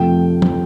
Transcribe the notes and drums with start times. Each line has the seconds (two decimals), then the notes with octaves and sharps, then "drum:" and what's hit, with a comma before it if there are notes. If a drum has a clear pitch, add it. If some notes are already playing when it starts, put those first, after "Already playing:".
Already playing: F2 C3 F3 A3 G5
0.42 drum: tom